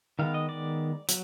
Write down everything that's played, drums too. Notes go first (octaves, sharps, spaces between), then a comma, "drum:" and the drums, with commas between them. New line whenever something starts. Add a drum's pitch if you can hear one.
D#3 G#3 B3 F5
D#5
D5
F#3, drum: hi-hat